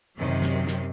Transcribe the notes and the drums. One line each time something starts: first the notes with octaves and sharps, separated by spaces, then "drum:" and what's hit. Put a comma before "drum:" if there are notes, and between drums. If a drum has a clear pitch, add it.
F#2 C3 D#3 F#3
drum: snare
drum: snare